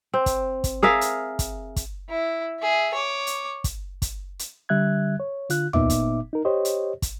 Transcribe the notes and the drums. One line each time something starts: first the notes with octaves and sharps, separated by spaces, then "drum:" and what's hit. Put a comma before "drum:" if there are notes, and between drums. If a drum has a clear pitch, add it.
C4
drum: kick, hi-hat
drum: kick, hi-hat
G#4 A#4 E5 F5
drum: hi-hat
drum: kick, hi-hat
drum: kick, hi-hat
E4
G#4 E5
C#5 D6
drum: hi-hat
drum: kick, hi-hat
drum: kick, hi-hat
drum: hi-hat
D3 G3 E5 F#6 G#6
C#5
D3 F4 F#6, drum: hi-hat
A#2 B3 D#4 E5 D6, drum: tom
drum: kick, hi-hat
D#4 A#4
G4 C5 C#5 D#5
drum: hi-hat
drum: kick, hi-hat